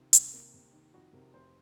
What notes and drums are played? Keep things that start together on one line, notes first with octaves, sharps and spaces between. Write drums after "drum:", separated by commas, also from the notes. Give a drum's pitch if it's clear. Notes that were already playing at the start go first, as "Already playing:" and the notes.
Already playing: C3 D#3 F4
C2, drum: hi-hat
A#3
C3
D#3
F2 F#4
C3 A#4
F1 C5